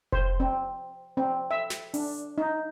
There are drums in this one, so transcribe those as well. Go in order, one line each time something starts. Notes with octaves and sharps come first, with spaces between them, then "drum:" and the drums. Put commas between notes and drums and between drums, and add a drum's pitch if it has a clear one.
C5, drum: kick F1
C4
C4
E5
drum: snare
D4, drum: open hi-hat
D#4